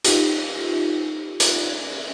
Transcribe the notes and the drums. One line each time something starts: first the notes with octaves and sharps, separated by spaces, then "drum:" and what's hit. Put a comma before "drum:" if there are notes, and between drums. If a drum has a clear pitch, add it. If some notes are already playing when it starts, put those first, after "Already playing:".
D#4 F4 G4, drum: hi-hat
drum: hi-hat